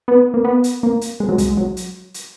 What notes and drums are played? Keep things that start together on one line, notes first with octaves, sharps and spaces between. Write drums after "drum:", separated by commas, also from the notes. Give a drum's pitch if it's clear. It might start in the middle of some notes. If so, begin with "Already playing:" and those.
B3
A#3
B3
drum: hi-hat
A#3
drum: hi-hat
G#3
F#3
G#3, drum: kick, hi-hat
F#3
drum: hi-hat
drum: hi-hat